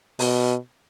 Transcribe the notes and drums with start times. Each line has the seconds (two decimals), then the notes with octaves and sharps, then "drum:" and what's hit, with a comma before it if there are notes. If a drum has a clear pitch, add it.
0.19 B2, drum: open hi-hat